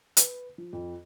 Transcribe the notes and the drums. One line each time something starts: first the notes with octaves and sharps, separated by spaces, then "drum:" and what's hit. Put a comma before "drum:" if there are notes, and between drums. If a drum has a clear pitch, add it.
B4, drum: hi-hat
F3
F2